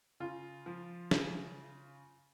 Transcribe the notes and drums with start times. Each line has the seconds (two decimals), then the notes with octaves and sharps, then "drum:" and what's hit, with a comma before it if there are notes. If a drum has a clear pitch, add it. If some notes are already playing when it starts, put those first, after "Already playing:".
0.20 C#3 F4
0.66 F3
1.11 C#3, drum: snare